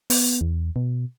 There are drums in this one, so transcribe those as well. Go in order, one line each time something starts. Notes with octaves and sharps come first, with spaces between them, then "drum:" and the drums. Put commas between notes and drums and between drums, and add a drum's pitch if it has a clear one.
B3, drum: open hi-hat
E2
B2